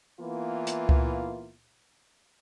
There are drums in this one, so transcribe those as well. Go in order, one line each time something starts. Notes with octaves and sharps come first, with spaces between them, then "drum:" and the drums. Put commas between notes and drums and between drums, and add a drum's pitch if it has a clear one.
E3 A#3 B3 E4 F4
drum: hi-hat
drum: kick C#2